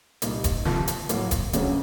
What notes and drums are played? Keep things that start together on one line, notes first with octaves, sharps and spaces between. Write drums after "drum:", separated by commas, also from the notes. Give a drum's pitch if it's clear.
C2 A#2 G3 A#3 D#4, drum: hi-hat
drum: kick D#1, hi-hat
C3 F3 A#3, drum: snare
drum: hi-hat
A2 F#3 A#3, drum: hi-hat
drum: kick D#1, hi-hat
D2 C#3 F#3 A#3 C#4, drum: hi-hat